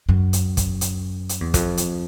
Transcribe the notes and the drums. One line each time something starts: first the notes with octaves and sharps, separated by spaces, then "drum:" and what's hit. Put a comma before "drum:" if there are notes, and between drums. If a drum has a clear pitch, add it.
F#2
drum: hi-hat
drum: kick, hi-hat
drum: hi-hat
drum: hi-hat
E2
F2, drum: kick, hi-hat
drum: hi-hat